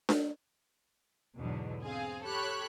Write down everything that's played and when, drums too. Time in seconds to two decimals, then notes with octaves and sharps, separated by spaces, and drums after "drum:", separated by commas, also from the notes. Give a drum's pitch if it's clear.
0.09 drum: snare D4
1.38 E2 G#2 B2 D3 F#3
1.83 C4 G#4 F5
2.23 G4 A4 C#5 B5 F#6